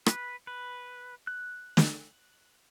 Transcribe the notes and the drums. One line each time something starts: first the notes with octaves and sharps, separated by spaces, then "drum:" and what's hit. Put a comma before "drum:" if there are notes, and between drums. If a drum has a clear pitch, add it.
B4, drum: rim click
B4
F#6
drum: snare